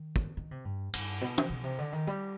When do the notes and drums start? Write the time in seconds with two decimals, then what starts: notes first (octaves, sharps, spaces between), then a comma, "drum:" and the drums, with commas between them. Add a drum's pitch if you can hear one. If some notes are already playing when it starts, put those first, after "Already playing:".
Already playing: D#3
0.16 drum: kick
0.37 D#3
0.51 C3
0.65 G2
0.94 G2, drum: cymbal
1.21 B2
1.38 C3, drum: tom
1.50 B2
1.64 C3
1.78 D3
1.92 D#3
2.07 G3